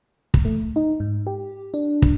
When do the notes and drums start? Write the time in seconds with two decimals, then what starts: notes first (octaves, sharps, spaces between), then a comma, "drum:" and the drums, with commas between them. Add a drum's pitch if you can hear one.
0.34 drum: kick
0.45 A3
0.76 D#4
1.00 G#2
1.27 G4
1.74 D4
2.02 drum: kick